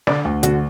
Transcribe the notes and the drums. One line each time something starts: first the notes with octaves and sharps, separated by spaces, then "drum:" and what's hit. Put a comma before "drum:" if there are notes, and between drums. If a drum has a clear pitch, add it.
D3 D5, drum: snare
D2
D3 F#4, drum: hi-hat